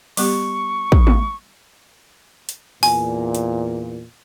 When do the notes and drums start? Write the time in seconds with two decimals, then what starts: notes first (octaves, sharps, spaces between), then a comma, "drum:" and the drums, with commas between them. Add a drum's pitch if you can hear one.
0.17 G3 B3 G4 C#6, drum: open hi-hat
0.92 drum: kick
1.07 drum: tom
2.49 drum: hi-hat
2.83 E2 A#2 G#5, drum: open hi-hat
3.35 drum: hi-hat